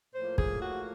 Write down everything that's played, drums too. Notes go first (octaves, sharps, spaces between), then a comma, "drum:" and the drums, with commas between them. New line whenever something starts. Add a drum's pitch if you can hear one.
A2 F3 A#3 C5
G#4, drum: kick
F#4